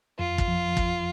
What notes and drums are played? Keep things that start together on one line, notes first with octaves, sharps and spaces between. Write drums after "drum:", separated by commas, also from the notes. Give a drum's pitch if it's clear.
F2 F4
drum: kick
F3
drum: kick